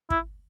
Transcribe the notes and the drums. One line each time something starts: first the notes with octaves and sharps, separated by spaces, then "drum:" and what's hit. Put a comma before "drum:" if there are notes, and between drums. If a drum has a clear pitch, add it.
E4, drum: kick